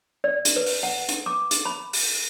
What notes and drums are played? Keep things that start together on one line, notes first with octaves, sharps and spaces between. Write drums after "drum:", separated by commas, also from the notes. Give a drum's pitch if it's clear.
D5
drum: hi-hat
B4
drum: open hi-hat
F#5
drum: hi-hat
D6
drum: hi-hat
B5
drum: open hi-hat